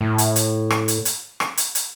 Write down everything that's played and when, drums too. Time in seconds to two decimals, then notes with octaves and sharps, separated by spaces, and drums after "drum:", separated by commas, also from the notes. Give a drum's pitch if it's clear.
0.01 A2
0.18 drum: hi-hat
0.36 drum: hi-hat
0.70 drum: rim click
0.88 drum: hi-hat
1.05 drum: hi-hat
1.40 drum: rim click
1.57 drum: hi-hat
1.75 drum: hi-hat